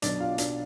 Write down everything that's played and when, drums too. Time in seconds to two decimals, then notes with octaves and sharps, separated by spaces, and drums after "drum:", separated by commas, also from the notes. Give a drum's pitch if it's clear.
0.02 B1 B2 D4 D5, drum: hi-hat
0.20 F4 F5
0.38 D4 D5, drum: hi-hat